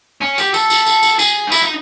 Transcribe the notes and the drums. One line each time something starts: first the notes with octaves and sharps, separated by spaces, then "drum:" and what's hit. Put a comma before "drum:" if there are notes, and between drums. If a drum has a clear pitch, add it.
C#4
G4, drum: tambourine
A4, drum: tambourine
drum: tambourine
drum: tambourine
drum: tambourine
G#4, drum: tambourine
D#4
E4, drum: tambourine
D#4